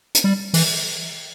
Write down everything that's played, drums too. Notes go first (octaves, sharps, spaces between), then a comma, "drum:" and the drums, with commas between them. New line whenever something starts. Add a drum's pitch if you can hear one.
drum: hi-hat
G3
E3, drum: open hi-hat